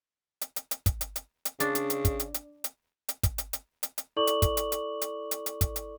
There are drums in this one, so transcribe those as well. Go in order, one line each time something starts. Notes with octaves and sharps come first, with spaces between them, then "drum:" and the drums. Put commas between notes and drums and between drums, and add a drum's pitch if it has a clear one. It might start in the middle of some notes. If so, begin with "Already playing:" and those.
drum: hi-hat
drum: hi-hat
drum: hi-hat
drum: kick, hi-hat
drum: hi-hat
drum: hi-hat
drum: hi-hat
C#3 D4, drum: hi-hat
drum: hi-hat
drum: hi-hat
drum: kick, hi-hat
drum: hi-hat
drum: hi-hat
drum: hi-hat
drum: hi-hat
drum: kick, hi-hat
drum: hi-hat
drum: hi-hat
drum: hi-hat
drum: hi-hat
E4 A4 D5 C#6 D6 F#7
drum: hi-hat
drum: kick, hi-hat
drum: hi-hat
drum: hi-hat
drum: hi-hat
drum: hi-hat
drum: hi-hat
drum: kick, hi-hat
drum: hi-hat